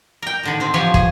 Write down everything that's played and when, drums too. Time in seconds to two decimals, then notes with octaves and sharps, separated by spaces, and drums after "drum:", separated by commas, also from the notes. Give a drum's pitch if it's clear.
0.22 A#4 G5
0.43 A2 D3 D#3
0.60 D3 C4
0.74 D3 E3 F3 G4 C#5
0.94 G#4, drum: kick